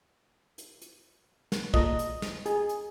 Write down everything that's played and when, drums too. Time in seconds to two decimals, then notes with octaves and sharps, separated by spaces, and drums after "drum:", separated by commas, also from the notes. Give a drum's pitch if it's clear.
0.58 drum: hi-hat
0.81 drum: hi-hat
1.52 drum: snare
1.74 A#2 A3 D#5, drum: kick
1.99 drum: hi-hat
2.22 drum: snare
2.46 G#4, drum: hi-hat
2.69 drum: hi-hat